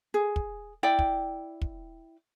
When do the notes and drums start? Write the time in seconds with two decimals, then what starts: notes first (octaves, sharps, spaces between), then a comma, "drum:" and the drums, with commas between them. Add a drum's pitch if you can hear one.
0.14 G#4
0.36 drum: kick
0.83 E4 D5 G5
0.99 drum: kick
1.62 drum: kick